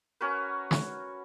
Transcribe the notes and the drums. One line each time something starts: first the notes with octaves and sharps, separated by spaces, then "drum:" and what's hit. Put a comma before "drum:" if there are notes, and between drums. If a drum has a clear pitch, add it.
C#4 F#4 A#4 B4
drum: snare